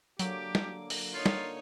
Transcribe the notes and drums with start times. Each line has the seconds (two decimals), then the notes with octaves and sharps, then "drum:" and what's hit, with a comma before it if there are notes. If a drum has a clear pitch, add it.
0.19 D3 F#3 A#3 G4 D6, drum: hi-hat
0.55 drum: snare
0.90 drum: open hi-hat
1.14 D#4 F4 C#5
1.26 drum: snare